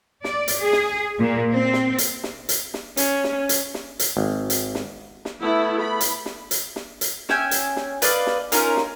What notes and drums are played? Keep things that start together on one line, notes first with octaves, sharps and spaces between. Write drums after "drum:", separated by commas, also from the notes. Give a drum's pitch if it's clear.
D5, drum: snare
drum: hi-hat
G#4
drum: snare
A#2
C4
drum: snare
drum: hi-hat
drum: snare
drum: hi-hat
drum: snare
C#4, drum: hi-hat
drum: snare
drum: hi-hat
drum: snare
drum: hi-hat
G#1
drum: hi-hat
drum: snare
drum: snare
A3 B3 E4
B5
drum: hi-hat
drum: snare
drum: hi-hat
drum: snare
drum: hi-hat
C#4 E5 G5 G#5, drum: snare
drum: hi-hat
drum: snare
B4 D5 D#5 F5, drum: hi-hat
drum: snare
C#4 D#4 F4 A#4, drum: hi-hat
drum: snare